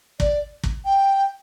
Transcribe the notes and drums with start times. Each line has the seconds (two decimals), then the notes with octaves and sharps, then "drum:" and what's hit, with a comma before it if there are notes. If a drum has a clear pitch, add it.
0.20 D5, drum: kick
0.64 drum: kick
0.85 G5